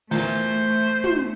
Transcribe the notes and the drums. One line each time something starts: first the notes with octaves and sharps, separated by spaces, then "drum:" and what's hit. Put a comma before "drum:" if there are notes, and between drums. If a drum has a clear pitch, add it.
E2 A#2 A3 C5, drum: open hi-hat
drum: tom